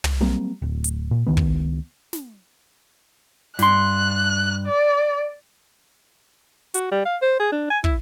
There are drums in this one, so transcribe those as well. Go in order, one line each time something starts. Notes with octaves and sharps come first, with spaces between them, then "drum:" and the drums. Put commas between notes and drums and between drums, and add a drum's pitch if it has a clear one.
drum: tom
F#3 G3 A#3 C4
D1
drum: hi-hat
A#2
C#2 D#3 B3
drum: kick
drum: snare
G2 C6 F#6, drum: snare
D5
F#4, drum: hi-hat
G3
F5
C5
G#4
D4
G#5
E4, drum: kick